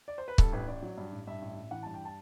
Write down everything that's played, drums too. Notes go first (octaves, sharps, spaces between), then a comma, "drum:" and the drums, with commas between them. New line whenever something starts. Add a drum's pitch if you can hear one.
D5
C5
B4
G2 A4, drum: kick C#1
A1 B4
A1 D5
F#3
G2
A1
G2 E5
A1
A1
E3 F#5
G2 A5
G5
A5